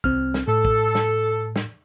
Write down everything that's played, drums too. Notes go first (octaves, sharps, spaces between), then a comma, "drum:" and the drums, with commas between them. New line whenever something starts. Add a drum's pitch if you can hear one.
C2 C4 F6, drum: kick
drum: snare
A2 A4
drum: kick
drum: snare
drum: snare